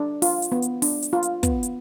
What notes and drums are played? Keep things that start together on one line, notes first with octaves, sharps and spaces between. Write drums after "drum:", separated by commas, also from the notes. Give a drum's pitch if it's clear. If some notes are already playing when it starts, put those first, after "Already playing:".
Already playing: D4
F4, drum: open hi-hat
drum: hi-hat
B3
drum: hi-hat
D4, drum: open hi-hat
drum: hi-hat
F4
drum: hi-hat
B3, drum: kick, hi-hat
drum: hi-hat